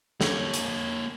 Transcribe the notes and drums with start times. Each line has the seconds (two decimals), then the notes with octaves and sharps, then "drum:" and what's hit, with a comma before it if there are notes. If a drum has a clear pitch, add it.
0.21 A#3 C#5, drum: snare
0.54 drum: hi-hat